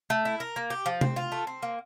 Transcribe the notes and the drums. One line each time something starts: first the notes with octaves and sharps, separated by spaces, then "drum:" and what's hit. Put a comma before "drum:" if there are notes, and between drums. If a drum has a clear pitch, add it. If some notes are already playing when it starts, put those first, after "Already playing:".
A3
E4
A#4
A#3
G4
F3
C4, drum: tom C3
F4
A3
C4
A#3